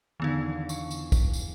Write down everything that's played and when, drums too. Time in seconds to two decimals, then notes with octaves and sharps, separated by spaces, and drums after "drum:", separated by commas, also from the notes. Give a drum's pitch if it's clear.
0.20 E2 D3 D#3 F3 B3 D#4
0.69 C#6, drum: tambourine
0.91 drum: tambourine
1.12 drum: kick, tambourine
1.34 drum: tambourine